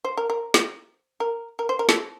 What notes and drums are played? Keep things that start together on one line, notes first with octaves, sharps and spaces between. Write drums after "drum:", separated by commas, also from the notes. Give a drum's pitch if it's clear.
C5
A#4
A#4
drum: snare
A#4
A#4
C5
A#4
A4, drum: snare